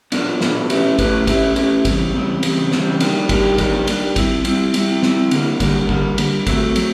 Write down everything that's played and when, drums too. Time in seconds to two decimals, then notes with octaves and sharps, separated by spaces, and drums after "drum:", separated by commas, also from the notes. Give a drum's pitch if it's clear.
0.12 A#2 F#3 B3 D4 F4, drum: cymbal
0.41 A#2 F#3 B3 D4 F4, drum: snare
0.70 A3 C#4 E4 G4 B4, drum: cymbal
0.99 A3 C#4 E4 G4 B4, drum: kick, cymbal
1.27 A3 C#4 E4 G4 B4, drum: kick, cymbal
1.56 A3 C#4 E4 G4 B4, drum: cymbal
1.85 E2 C#3 G3 C4, drum: kick, cymbal
2.14 E2 C#3 G3 C4
2.43 E2 C#3 G3 C4, drum: cymbal
2.72 E2 C#3 G3 C4, drum: snare
3.00 D#3 G3 A#3 D4 G4, drum: cymbal
3.29 D#3 G3 A#3 D4 G4, drum: kick, cymbal
3.58 D#3 G3 A#3 D4 G4, drum: kick, cymbal
3.87 D#3 G3 A#3 D4 G4, drum: cymbal
4.16 G3 C4 E4, drum: kick, cymbal
4.45 G3 C4 E4, drum: cymbal
4.74 G3 C4 E4, drum: cymbal
5.02 G3 C4 E4, drum: snare
5.31 D3 G3 A#3, drum: cymbal
5.60 D3 G3 A#3, drum: kick, cymbal
5.89 D3 G3 A#3, drum: kick
6.18 D3 G3 A#3, drum: cymbal
6.47 F#3 A3 C4, drum: kick, cymbal
6.76 F#3 A3 C4, drum: cymbal